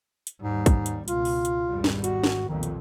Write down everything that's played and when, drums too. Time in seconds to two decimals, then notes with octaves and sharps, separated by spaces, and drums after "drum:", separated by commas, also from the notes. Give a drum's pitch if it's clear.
0.27 drum: hi-hat
0.42 D#2 G#2 G3
0.66 drum: kick, hi-hat
0.86 drum: hi-hat
1.08 C#2 B2 F4, drum: hi-hat
1.25 drum: open hi-hat
1.45 drum: hi-hat
1.69 G#1 E2 G3
1.84 drum: snare
2.04 F#4, drum: hi-hat
2.24 drum: snare
2.49 B1 F2 A#2 D#3
2.63 drum: hi-hat